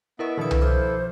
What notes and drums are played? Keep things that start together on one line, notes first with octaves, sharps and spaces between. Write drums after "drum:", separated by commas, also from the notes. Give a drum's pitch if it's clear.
B3 E4 A#4 D#5 E5
B2 D#3 F3 D4 E4 A4 D#6
drum: tom C2
C5 D6 F6